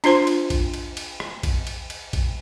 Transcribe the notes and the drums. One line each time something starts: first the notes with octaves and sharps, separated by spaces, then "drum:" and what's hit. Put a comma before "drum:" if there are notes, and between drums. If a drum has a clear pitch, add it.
D4 F4 C5 C6, drum: cymbal
drum: cymbal
drum: kick A#1, cymbal
drum: cymbal
drum: cymbal
drum: rim click
drum: kick A#1, cymbal
drum: cymbal
drum: cymbal
drum: kick A#1, cymbal